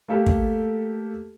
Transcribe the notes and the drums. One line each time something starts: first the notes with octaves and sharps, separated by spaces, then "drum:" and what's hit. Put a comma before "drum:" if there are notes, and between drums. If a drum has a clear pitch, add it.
A3 A#3 G4 A4
drum: kick